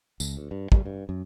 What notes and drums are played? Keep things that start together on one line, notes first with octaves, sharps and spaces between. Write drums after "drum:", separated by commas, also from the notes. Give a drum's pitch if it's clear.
C#2, drum: tambourine
D2
G2
G3, drum: kick
G2
F#2